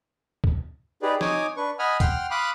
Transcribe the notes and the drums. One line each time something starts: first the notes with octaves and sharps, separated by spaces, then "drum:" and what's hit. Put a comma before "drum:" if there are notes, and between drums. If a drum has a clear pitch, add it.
drum: kick
D#4 G4 G#4 B4 D5
D#4 C#5 G#5 D6 D#6, drum: snare
D4 B4 C#6
D#5 F#5 G#5 B5 D#6 F6
F#5 G5 C6 F6, drum: kick, hi-hat
F5 B5 C6 D6 D#6 F#6